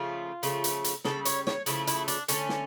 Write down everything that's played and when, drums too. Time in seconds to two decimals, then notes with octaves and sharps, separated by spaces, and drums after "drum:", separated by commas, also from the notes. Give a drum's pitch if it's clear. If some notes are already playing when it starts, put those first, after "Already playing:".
Already playing: C#3 F3 A3 F4
0.43 C#3 F3 A3, drum: hi-hat
0.64 drum: hi-hat
0.84 drum: hi-hat
1.05 C#3 G3 A4, drum: snare
1.25 C#5, drum: hi-hat
1.47 C#5, drum: snare
1.66 C#3 F3 A3 E4, drum: hi-hat
1.87 E4, drum: hi-hat
2.08 D4, drum: hi-hat
2.28 D3 A3 C#4, drum: hi-hat
2.49 drum: snare